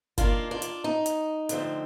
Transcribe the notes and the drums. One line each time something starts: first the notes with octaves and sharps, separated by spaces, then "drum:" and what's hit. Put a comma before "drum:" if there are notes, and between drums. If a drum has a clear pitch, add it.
D#3 A#3 D4 F4, drum: kick F#1, hi-hat
D4 F4
drum: hi-hat
D#4
drum: hi-hat
D3 F3 A3 C4, drum: hi-hat